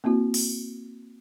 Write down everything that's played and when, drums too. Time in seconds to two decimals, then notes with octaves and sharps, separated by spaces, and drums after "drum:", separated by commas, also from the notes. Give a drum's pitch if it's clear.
0.04 A#3 C4 E4 F#4
0.34 drum: open hi-hat